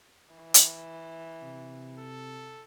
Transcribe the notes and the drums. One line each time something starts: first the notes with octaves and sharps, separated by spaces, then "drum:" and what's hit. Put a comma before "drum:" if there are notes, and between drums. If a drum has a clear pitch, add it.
E3
drum: hi-hat
C3
A4